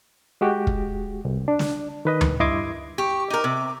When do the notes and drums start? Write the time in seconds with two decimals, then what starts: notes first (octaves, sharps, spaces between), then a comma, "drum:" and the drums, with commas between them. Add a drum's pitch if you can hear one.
0.41 G#3 F#4 G4
0.67 drum: kick
1.25 C2
1.48 D4
1.59 drum: snare
2.05 D#3 B4 D#5
2.21 drum: tom D2
2.40 G2 E4 D#5 C6 D6 G#6
2.98 G4 C#6
3.30 D#4 A#4 D6
3.44 C3